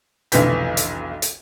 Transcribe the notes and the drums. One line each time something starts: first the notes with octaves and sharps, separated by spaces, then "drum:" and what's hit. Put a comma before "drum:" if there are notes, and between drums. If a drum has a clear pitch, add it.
F1 B1 D3 E3 G6 B6, drum: hi-hat
drum: hi-hat
drum: hi-hat